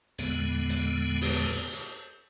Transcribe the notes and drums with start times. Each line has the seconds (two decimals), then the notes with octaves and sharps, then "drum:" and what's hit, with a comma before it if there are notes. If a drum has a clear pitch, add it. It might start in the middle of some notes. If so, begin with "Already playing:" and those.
0.19 E2 A#2 D3 G#3 B3, drum: hi-hat
0.70 drum: hi-hat
1.21 drum: open hi-hat
1.72 drum: hi-hat